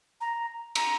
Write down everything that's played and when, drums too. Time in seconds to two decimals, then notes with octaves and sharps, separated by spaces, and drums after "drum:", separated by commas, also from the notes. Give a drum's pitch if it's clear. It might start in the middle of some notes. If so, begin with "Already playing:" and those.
0.20 A#5
0.75 A#5, drum: cymbal